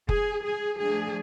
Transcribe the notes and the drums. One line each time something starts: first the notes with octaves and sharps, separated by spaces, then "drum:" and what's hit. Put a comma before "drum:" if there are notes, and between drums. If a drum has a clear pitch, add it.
G#4, drum: kick F1
G#4
F3 A3 D4 G#4